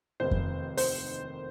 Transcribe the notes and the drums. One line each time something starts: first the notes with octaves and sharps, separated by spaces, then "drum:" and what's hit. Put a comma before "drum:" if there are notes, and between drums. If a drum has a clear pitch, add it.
F1 D#2 D#3 C5
drum: kick F2
C5, drum: open hi-hat